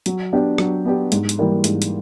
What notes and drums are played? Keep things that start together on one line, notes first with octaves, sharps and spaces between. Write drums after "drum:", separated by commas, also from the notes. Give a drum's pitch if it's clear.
F#3, drum: hi-hat
B3 D4 G4
F#3, drum: rim click
B3 D4 G4
G#2, drum: hi-hat
drum: hi-hat
E3 G3 A#3
G#2, drum: hi-hat
drum: hi-hat